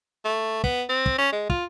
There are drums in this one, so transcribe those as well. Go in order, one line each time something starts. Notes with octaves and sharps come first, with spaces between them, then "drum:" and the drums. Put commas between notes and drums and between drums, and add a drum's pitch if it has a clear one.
A3
B3, drum: kick
C4
drum: kick
C#4
G#3
F4, drum: kick